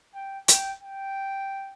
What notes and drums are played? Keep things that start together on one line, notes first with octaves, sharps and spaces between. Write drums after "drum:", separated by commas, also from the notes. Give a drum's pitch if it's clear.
G5
G5, drum: hi-hat
G5